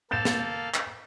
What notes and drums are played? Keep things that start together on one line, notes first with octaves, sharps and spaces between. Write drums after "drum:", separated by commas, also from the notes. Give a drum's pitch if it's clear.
A#3 A4 F5 G6 A6 E7
drum: snare
drum: clap